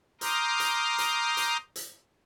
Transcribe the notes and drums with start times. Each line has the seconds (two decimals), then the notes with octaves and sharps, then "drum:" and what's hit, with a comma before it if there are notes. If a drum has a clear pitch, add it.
0.21 A#5 C6 D6 D#6 F6 G6, drum: hi-hat
0.60 drum: hi-hat
0.98 drum: hi-hat
1.37 drum: hi-hat
1.76 drum: hi-hat